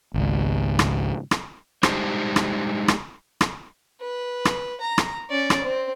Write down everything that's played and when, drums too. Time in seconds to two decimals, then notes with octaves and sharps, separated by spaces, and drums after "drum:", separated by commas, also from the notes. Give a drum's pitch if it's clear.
0.14 G#1 C#2
0.79 drum: rim click
1.31 drum: rim click
1.83 G3 G#3 D4 D#4 G4 C5, drum: rim click
2.36 drum: rim click
2.88 drum: rim click
3.41 drum: rim click
4.01 B4
4.45 drum: rim click
4.80 A#5
4.98 drum: rim click
5.30 C#4 D5
5.50 drum: rim click
5.63 C4